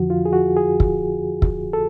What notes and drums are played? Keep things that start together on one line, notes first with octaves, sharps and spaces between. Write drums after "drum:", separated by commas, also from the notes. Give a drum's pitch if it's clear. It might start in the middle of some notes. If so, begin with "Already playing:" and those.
Already playing: F2 D3 F3 F#4
F4
G#4
F#4
G#4
drum: kick
drum: kick
A4